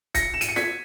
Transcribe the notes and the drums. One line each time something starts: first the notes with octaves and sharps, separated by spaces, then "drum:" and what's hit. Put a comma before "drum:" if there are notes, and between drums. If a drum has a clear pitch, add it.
A#6 C#7, drum: kick C#1, hi-hat
E7
D#7, drum: hi-hat
C#7
G#6 B6, drum: snare